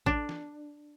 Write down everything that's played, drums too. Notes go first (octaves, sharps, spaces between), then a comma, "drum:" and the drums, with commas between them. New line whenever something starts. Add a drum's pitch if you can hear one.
D4, drum: kick A1
drum: snare